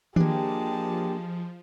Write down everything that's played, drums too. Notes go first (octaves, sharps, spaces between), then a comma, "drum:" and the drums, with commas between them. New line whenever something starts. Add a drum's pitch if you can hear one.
F3 G#3 A#3 D4 G4 A5, drum: tom D#3